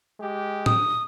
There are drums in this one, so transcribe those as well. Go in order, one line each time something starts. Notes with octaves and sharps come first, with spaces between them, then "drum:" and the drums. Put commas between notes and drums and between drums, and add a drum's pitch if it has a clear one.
G#3 G4
D#6, drum: tom